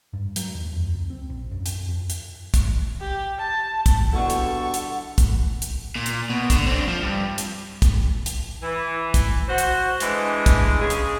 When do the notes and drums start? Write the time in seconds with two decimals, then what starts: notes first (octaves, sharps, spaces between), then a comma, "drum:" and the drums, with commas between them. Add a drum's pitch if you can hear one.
0.13 G2
0.36 F#3, drum: hi-hat
0.55 D#2
0.73 F2
0.93 C#2
1.10 C4
1.30 A#1
1.51 F#2
1.66 drum: hi-hat
1.88 F2
2.10 drum: hi-hat
2.54 drum: kick, hi-hat
3.01 G4
3.38 A5
3.86 drum: kick, hi-hat
4.13 B2 D3 G3 E4 A4 F#5 C#6
4.30 drum: hi-hat
4.74 drum: hi-hat
5.18 drum: kick, hi-hat
5.62 drum: hi-hat
5.95 A#2
6.06 drum: hi-hat
6.30 B2
6.50 D3, drum: kick, hi-hat
6.67 C4 D4
6.88 F3
7.02 G2
7.38 drum: hi-hat
7.82 drum: kick, hi-hat
8.26 drum: hi-hat
8.62 E3
9.14 drum: kick, hi-hat
9.47 F#4 C5
9.58 drum: hi-hat
10.00 D3 E3 G#3, drum: hi-hat
10.46 drum: kick, hi-hat
10.80 C#3 G#4
10.90 drum: hi-hat